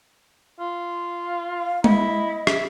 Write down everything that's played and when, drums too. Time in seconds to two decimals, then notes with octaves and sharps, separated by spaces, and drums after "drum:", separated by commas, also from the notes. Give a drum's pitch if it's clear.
0.60 F4
1.59 F5
1.84 E4 D#5, drum: tom G#3
2.47 E5, drum: rim click